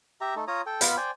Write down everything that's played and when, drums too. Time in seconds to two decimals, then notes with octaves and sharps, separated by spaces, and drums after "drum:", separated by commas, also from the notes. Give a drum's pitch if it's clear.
0.21 G4 E5 A#5
0.36 A3 D#4 A4
0.48 F4 C#5 A#5 D#6
0.66 A4 G5
0.81 B3 F4 F5 B5, drum: hi-hat
0.97 C5 D5 G5 G#5